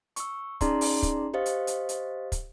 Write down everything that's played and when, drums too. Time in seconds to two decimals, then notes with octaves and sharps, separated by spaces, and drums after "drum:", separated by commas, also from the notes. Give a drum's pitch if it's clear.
0.16 C#6 E6, drum: hi-hat
0.61 C#4 D#4 G#4 D5 A#5 C6, drum: kick, hi-hat
0.81 drum: open hi-hat
1.03 drum: kick, hi-hat
1.34 G4 C5 D#5 F5
1.46 drum: hi-hat
1.67 drum: hi-hat
1.89 drum: hi-hat
2.32 drum: kick, hi-hat